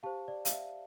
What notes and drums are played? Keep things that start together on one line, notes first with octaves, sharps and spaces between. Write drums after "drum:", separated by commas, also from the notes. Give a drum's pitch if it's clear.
G4 C5 F5 A5
D5
F5, drum: hi-hat
E5